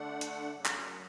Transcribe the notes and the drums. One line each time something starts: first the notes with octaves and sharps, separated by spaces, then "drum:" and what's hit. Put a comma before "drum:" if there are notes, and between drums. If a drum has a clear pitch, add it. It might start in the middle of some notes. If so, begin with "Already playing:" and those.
Already playing: D3 A3 D4 F#5
drum: hi-hat
F#2 C#3 F#3
drum: clap